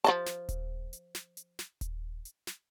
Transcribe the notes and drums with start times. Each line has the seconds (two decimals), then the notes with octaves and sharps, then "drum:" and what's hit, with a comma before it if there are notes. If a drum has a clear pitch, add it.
0.04 F3 D#5 A5, drum: hi-hat
0.26 drum: snare
0.49 drum: kick D#1, hi-hat
0.93 drum: hi-hat
1.15 drum: snare
1.37 drum: hi-hat
1.59 drum: snare
1.81 drum: kick D#1, hi-hat
2.25 drum: hi-hat
2.47 drum: snare